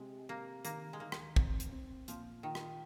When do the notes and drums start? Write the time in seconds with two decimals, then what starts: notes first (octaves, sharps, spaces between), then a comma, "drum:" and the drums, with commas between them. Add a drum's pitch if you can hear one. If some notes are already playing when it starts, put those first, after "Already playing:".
Already playing: C3 G#3
0.29 C3 A#3
0.65 D#3 A#3, drum: hi-hat
0.93 G#3
1.00 D#3 A#3
1.12 drum: rim click
1.36 C4, drum: kick
1.60 drum: hi-hat
1.71 C4
2.08 A#2 F3, drum: hi-hat
2.43 D#3 F4
2.55 drum: rim click